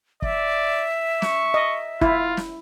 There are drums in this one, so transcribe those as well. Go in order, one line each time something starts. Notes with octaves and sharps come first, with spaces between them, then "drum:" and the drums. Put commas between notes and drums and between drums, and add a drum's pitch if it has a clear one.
D5 E5, drum: kick
C#6, drum: snare
D#5
E4 F4, drum: kick
drum: snare